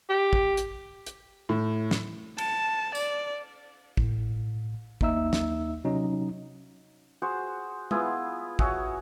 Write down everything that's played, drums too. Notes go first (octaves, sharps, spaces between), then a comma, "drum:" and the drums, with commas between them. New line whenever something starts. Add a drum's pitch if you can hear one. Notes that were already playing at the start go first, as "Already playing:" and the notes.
G4
drum: kick
drum: hi-hat
drum: hi-hat
A2
drum: snare
A5, drum: cymbal
D5, drum: tambourine
A2, drum: kick
D#2 A#3 D#4 E5 E6, drum: kick
drum: snare
C3 F#3 C#4 D#4
F#4 G#4 C5
B3 E4 F4 G#4, drum: tom G#3
F#4 G#4 C#5 E5, drum: kick